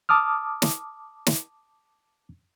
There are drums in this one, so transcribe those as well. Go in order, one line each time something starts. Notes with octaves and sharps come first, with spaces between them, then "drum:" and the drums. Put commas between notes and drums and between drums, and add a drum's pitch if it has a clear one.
A5 D6 D#6 F6
drum: snare
drum: snare